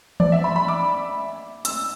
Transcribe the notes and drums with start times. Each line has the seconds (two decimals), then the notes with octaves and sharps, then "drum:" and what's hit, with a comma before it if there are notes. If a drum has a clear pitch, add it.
0.20 D5, drum: tom E3
0.32 E5
0.44 B5
0.56 B5
0.68 D6
1.65 E6, drum: hi-hat